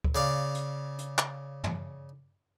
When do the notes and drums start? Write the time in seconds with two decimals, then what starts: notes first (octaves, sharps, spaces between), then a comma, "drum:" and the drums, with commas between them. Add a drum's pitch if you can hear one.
0.04 drum: kick D2
0.15 C#3 D5 F5
0.54 drum: hi-hat
0.98 drum: hi-hat
1.18 drum: clap
1.64 drum: tom